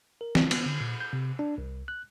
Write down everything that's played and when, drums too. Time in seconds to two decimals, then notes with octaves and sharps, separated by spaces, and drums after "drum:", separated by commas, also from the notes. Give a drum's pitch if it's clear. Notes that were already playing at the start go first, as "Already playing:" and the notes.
0.21 A#4
0.35 C4, drum: snare
0.51 B3, drum: cymbal
0.66 D3
0.81 A#2
1.00 G6
1.13 C3
1.39 D4
1.58 C2
1.88 F#6